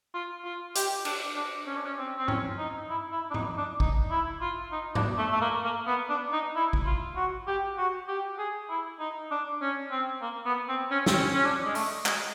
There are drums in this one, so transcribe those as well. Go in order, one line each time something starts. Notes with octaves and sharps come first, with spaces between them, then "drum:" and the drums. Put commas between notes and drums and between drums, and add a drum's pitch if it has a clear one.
F4
F4
G4, drum: hi-hat
D4, drum: cymbal
D4
C#4
D4
C#4
C4
C4
C#4, drum: tom G#2
D#4
E4
E4
D4
D#4, drum: tom G#2
D4
D#4, drum: kick A1
E4
F4
D#4
D4, drum: tom G#2
A3
A3
A#3
A#3
B3
D4
D#4
E4
drum: kick A1
F4
F#4
G4
F#4
G4
G#4
E4
D#4
D4
C#4
C4
A#3
B3
C4
C#4
C4, drum: snare
C#4
C#4
D4
G#3
A3, drum: open hi-hat
G#3, drum: clap